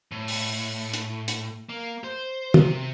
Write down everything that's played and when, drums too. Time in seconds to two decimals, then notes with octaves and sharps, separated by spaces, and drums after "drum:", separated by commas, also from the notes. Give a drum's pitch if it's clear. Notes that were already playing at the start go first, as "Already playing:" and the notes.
0.12 A2
0.28 drum: open hi-hat
0.94 drum: hi-hat
1.28 drum: hi-hat
1.69 A#3
2.04 C5
2.54 C3, drum: tom